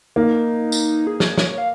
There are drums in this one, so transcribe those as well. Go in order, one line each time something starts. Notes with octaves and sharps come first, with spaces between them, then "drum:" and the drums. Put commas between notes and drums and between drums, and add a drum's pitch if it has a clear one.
A#3 D#4
drum: tambourine
G#4
drum: snare
C#5, drum: snare
F5